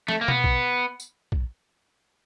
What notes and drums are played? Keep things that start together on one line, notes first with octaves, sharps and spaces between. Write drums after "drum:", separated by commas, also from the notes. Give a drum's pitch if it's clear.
A3, drum: snare
A#3
B3, drum: tom B2
drum: kick
drum: tambourine
drum: kick